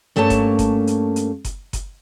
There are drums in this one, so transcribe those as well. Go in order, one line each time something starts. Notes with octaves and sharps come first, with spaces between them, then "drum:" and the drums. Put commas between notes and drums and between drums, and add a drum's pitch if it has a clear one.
G2 A3 A#3 C#4 A5
drum: kick F#1, hi-hat
drum: kick F#1, hi-hat
drum: hi-hat
drum: hi-hat
drum: kick F#1, hi-hat
drum: kick F#1, hi-hat